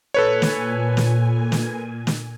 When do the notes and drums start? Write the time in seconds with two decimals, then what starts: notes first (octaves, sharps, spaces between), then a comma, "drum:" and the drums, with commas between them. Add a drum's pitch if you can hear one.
0.14 A#2 A4 B4 C#5 G#5
0.42 drum: snare
0.97 drum: snare
1.52 drum: snare
2.07 drum: snare